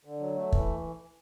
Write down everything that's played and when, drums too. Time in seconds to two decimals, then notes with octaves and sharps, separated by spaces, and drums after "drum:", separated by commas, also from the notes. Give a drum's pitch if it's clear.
0.05 D3
0.20 F#3
0.36 A3
0.52 E3, drum: kick